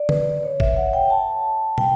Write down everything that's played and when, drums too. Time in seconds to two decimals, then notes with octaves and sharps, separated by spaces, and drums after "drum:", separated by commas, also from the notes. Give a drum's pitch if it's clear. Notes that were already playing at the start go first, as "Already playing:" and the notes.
Already playing: D5
0.09 B4, drum: tom D3
0.43 C#5
0.60 E5, drum: kick
0.77 F#5
0.93 G5
1.10 A5
1.78 G5, drum: tom